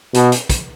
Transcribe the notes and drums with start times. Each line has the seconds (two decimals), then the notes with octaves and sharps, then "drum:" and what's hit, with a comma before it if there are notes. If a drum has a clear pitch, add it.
0.14 B2, drum: hi-hat
0.32 drum: hi-hat
0.50 drum: kick, hi-hat